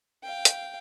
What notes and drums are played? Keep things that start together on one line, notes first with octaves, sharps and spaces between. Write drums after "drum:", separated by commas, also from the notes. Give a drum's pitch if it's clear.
F5 G5
drum: hi-hat